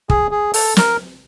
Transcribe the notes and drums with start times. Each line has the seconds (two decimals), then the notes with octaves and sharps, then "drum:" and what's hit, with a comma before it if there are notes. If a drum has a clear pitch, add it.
0.10 G#4, drum: kick
0.31 G#4
0.54 A4, drum: open hi-hat
0.77 A#4, drum: snare